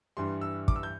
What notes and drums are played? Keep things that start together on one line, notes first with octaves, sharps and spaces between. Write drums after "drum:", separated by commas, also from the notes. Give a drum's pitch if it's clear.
G2 E3 G3 C6
E6
D6, drum: kick
E6
G6